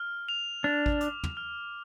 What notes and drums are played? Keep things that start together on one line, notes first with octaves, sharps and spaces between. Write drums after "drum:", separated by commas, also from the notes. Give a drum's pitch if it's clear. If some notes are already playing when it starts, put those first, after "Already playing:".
Already playing: F6
F7
D4 F7
drum: kick A1
D6, drum: hi-hat
drum: tom
F6